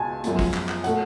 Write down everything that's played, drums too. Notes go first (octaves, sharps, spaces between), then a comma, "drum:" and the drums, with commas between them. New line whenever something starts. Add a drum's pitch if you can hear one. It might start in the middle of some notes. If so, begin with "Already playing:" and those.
Already playing: C#2 B2 G#3 B3 G#5 A5
F#2 F3 G#3 B3, drum: hi-hat
drum: kick, open hi-hat
drum: clap
drum: clap
B2 A3 F#5, drum: hi-hat